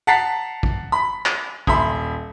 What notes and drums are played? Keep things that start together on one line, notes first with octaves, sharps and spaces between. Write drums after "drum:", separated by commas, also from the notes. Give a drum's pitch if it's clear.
F#5 A5 A#5 A6 B6 C7
drum: kick
B5 B6
drum: clap
D#1 E5 B5 C6, drum: kick